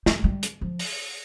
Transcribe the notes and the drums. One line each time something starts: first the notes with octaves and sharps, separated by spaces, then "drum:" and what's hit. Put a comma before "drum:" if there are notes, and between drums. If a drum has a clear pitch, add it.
G3, drum: snare
G3
drum: hi-hat
F3
drum: open hi-hat